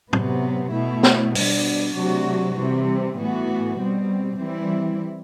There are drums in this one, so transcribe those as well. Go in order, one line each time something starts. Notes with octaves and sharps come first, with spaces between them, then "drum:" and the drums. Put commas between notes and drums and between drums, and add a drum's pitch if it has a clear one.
C3 F#3 B3, drum: tom
B2 A3 E4
drum: snare
B2 G3 D4, drum: open hi-hat
C3 F#3 A3 D4 F#4
C3 E3 G3 C4
A2 E3 B3 F#4
B2 G3 C4
E3 G3 C4 E4